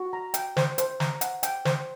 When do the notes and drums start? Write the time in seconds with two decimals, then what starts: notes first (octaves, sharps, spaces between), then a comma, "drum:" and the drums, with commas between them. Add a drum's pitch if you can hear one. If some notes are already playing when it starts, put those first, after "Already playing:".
Already playing: F#4
0.13 A#5
0.34 G5, drum: hi-hat
0.57 C5, drum: snare
0.78 C5, drum: hi-hat
1.00 A#5, drum: snare
1.21 F#5, drum: hi-hat
1.43 G5, drum: hi-hat
1.65 C5, drum: snare